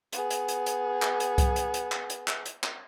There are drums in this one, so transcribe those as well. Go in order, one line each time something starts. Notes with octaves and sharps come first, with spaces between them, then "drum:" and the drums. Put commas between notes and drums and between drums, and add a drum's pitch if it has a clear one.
B3 G#4, drum: hi-hat
drum: hi-hat
drum: hi-hat
drum: hi-hat
drum: clap
drum: hi-hat
drum: kick C2, hi-hat
drum: hi-hat
drum: hi-hat
drum: clap
drum: hi-hat
drum: clap
drum: hi-hat
drum: clap